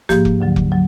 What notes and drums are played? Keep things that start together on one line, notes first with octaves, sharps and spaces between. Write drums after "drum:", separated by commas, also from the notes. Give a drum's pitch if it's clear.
G#2 F3 A#3 G4, drum: snare
drum: kick F1
D2 D3 F#3
drum: kick F1
F#3